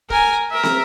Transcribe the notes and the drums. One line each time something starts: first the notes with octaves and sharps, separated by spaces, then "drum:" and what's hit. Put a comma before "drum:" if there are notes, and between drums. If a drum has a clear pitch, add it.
A#4 G#5, drum: kick
A#4 E5
drum: snare